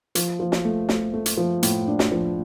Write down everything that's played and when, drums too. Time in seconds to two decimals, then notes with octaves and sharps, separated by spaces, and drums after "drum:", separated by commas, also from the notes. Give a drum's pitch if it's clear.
0.15 F3, drum: hi-hat
0.40 F3
0.52 drum: snare
0.65 A3
0.89 A3, drum: snare
1.13 A3
1.26 drum: hi-hat
1.37 F3
1.63 A2, drum: hi-hat
1.88 D4
1.99 drum: snare
2.12 F3